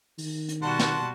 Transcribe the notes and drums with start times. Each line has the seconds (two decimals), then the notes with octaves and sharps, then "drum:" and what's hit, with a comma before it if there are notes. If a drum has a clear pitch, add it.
0.18 D#3, drum: open hi-hat
0.49 drum: hi-hat
0.62 B2 G3 F#4 F#5 A5 C6
0.79 drum: snare